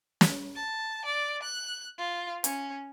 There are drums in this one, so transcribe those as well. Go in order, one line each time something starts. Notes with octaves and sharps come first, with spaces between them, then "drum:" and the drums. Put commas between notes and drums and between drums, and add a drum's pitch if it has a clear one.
drum: snare
A5
D5
F#6
F4
C#4, drum: hi-hat